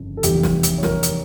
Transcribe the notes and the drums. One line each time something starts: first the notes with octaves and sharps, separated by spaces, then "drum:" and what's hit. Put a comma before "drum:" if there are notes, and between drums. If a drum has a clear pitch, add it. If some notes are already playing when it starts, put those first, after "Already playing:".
Already playing: G1 F2 C#3
A4
F1 E2 E3 G3 G4, drum: hi-hat
drum: snare
drum: hi-hat
C#5
A#4, drum: snare
drum: hi-hat